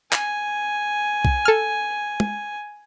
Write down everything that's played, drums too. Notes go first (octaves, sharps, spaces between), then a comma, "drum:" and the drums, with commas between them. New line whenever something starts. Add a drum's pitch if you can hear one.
G#5, drum: clap
drum: kick B1
A4 F6
drum: tom